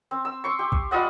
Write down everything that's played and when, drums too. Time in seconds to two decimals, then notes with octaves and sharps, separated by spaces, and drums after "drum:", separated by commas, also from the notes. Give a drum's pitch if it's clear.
0.11 C4
0.25 E6
0.44 C6 C#6
0.59 G4
0.72 drum: kick
0.91 G3 F4 D#5 F#5